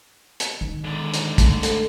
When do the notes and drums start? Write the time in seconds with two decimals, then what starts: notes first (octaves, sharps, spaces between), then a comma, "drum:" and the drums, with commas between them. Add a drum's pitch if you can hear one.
0.40 drum: hi-hat
0.61 D#3
0.84 G#2 D3
1.14 drum: hi-hat
1.38 A3, drum: kick, hi-hat
1.63 A4, drum: hi-hat